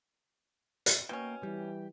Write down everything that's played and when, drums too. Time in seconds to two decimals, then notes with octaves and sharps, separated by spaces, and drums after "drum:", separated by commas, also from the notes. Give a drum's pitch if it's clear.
0.86 drum: hi-hat
1.09 B2 A#3 C#4 G5
1.43 E3 G3 G4